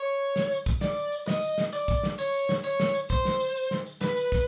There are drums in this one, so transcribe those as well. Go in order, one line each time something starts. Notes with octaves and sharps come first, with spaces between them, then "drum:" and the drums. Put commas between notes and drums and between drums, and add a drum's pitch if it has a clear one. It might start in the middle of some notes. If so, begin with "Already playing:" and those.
Already playing: C#5
drum: snare
drum: tambourine
drum: kick, tambourine
D5, drum: snare
drum: tambourine
drum: tambourine
D#5, drum: snare
drum: tambourine
drum: snare
D5, drum: tambourine
drum: kick, tambourine
drum: snare
C#5, drum: tambourine
drum: tambourine
drum: snare
C#5, drum: tambourine
drum: snare
drum: tambourine
C5, drum: kick, tambourine
drum: snare
drum: tambourine
drum: tambourine
drum: snare
drum: tambourine
B4, drum: snare
drum: tambourine
drum: kick, tambourine